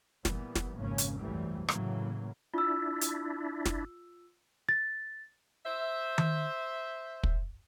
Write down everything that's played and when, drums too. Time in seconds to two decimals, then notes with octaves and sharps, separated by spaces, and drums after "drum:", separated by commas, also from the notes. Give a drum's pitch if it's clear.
0.25 A#2 E3 G3 B3, drum: snare
0.55 drum: snare
0.77 G#1 F2 A#2 C#3 A#3 C#4
0.98 drum: hi-hat
1.19 C2 F#2 C3 E3 G3 A3
1.68 A2 C#3 E3 F#3 A#3, drum: rim click
2.54 D4 E4 F4 E6
3.01 drum: hi-hat
3.66 drum: snare
4.69 A6
5.65 C5 E5
6.18 drum: tom D#3
7.23 drum: kick